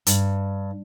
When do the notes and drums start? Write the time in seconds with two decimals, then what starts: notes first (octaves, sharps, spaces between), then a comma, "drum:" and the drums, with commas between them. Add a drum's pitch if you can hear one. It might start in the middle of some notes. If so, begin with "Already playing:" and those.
0.07 G2, drum: hi-hat